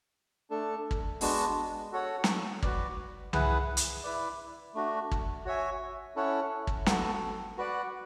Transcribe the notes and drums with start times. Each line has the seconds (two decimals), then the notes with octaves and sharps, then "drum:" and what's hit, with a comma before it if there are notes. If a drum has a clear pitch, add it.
0.50 A3 D4 A4
0.91 drum: kick
1.21 G#3 B3 D4 F#4, drum: open hi-hat
1.92 F#4 A4 C#5 F#5
2.24 drum: snare
2.63 F#4 B4 D5, drum: kick
3.33 E4 G#4 B4 F#5, drum: tom C2
3.77 drum: hi-hat
4.04 E4 B4 D5
4.74 A3 D4 F#4
5.12 drum: kick
5.45 F#4 C#5 E5 G#5
6.16 C#4 E4 A4 C#5 F#5
6.67 drum: kick
6.86 B3 F#4 A4, drum: snare
7.57 F#4 B4 D5 F#5